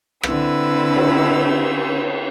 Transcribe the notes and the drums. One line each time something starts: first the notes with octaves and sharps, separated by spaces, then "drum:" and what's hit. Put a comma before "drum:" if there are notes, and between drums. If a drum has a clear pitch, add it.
D3 C4 E4 B4 E6, drum: rim click
drum: cymbal